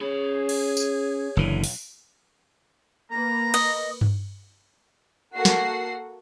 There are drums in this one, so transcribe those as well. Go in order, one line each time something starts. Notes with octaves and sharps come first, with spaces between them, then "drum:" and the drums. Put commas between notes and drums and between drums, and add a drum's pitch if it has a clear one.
C#4 G#4 C#5 B5
drum: cymbal
drum: tambourine
F#1 B1 D3 E3
drum: open hi-hat
A#3 B4 A#5
D#5, drum: cymbal
drum: tom G2
A#3 F#4 A4 F#5 C7
drum: snare